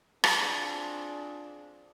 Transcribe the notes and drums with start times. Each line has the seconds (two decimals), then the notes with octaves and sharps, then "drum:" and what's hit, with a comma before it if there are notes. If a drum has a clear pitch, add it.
0.24 C4 D4 F4 G#4, drum: rim click